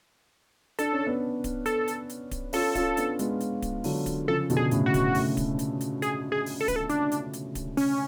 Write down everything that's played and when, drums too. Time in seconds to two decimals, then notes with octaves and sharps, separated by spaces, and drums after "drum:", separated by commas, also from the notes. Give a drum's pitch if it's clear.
0.79 D4 A4, drum: hi-hat
0.92 C#4
1.07 B3 D4
1.44 drum: kick D1, hi-hat
1.66 A4, drum: hi-hat
1.88 drum: hi-hat
2.10 drum: hi-hat
2.31 drum: kick D1, hi-hat
2.53 C#4 F4 A4, drum: open hi-hat
2.75 C#4 F4, drum: kick D1, hi-hat
2.97 B3 D4, drum: hi-hat
3.19 G#3 B3, drum: hi-hat
3.41 drum: hi-hat
3.62 drum: kick D1, hi-hat
3.84 D3 F#3, drum: open hi-hat
4.06 drum: kick D1, hi-hat
4.28 C#3 F3 A4
4.50 B2 D3, drum: hi-hat
4.57 G#4
4.71 A2 C#3, drum: hi-hat
4.86 F#4
4.94 B2, drum: kick D1, hi-hat
5.15 A2, drum: open hi-hat
5.37 drum: kick D1, hi-hat
5.59 drum: hi-hat
5.81 drum: hi-hat
6.02 G#4, drum: hi-hat
6.32 G#4
6.46 drum: open hi-hat
6.61 A4
6.68 B4, drum: kick D1, hi-hat
6.76 A4
6.90 D4, drum: hi-hat
7.12 drum: hi-hat
7.34 drum: hi-hat
7.55 drum: kick D1, hi-hat
7.77 C#4, drum: open hi-hat